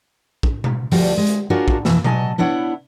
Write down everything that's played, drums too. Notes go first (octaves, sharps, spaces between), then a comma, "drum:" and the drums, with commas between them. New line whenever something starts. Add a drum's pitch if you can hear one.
drum: kick
drum: tom B2
D2 F3 G3 F#4, drum: open hi-hat
G#3
drum: hi-hat
D4 F4 F#4 G#4 A#4 C#5
drum: kick
F2 B2 E3 E5, drum: snare
B2 F#3 D#5 G#5 A5, drum: tom B2
B3 D4 E4 C#5 F#5